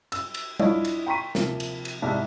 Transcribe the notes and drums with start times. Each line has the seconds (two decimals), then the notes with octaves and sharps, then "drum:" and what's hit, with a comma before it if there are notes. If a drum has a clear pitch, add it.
0.12 E6, drum: cymbal
0.34 drum: cymbal
0.60 D4 E4 F4 C#5 D#5, drum: tom G3
0.85 drum: cymbal
1.07 G5 A#5 C6 C#6 B6 D#7
1.35 C3 F3 A#3, drum: snare
1.60 drum: cymbal
1.85 drum: cymbal
2.02 C2 G#2 G3 G#3 E5 A5